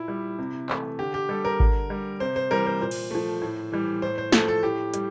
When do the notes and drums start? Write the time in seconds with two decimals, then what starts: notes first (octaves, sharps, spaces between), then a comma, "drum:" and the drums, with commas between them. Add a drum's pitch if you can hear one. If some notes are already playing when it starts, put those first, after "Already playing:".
Already playing: A#2 E4
0.08 G3
0.39 C3
0.69 E3 A3, drum: clap
0.99 D3 G4
1.14 G4
1.29 G3 A4
1.45 A#4
1.60 D3, drum: kick G#1
1.90 G3
2.20 C3 C5
2.36 C5
2.51 E3 G3 A#4
2.66 C5
2.81 A#2 C5
2.91 drum: cymbal
3.11 F3 A3
3.42 A2
3.72 E3 G3
4.02 A2 C5
4.18 C5
4.32 F3 A3 A4, drum: snare
4.48 A4
4.63 A2 G4
4.94 G3, drum: hi-hat